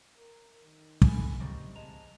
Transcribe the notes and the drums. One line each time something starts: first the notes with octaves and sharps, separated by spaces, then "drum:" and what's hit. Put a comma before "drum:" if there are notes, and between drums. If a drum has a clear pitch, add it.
A#4
D#3
E3 E4 G#4 A4 B4, drum: kick
C3 D#3 G3 A#3 C5 D#5 C#6
G#3 A5 A#5